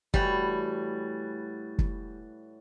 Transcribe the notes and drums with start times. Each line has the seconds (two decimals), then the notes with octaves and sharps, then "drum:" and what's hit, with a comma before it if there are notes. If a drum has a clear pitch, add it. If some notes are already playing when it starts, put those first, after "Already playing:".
0.14 A2 E3 G3 F#4, drum: kick
1.79 drum: kick